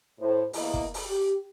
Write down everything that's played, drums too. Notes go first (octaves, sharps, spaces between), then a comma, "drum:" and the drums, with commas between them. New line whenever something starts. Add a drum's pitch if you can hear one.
A2 C5
E2 A#3 E4 A#4 B4 D#5, drum: open hi-hat
drum: kick
drum: open hi-hat
G4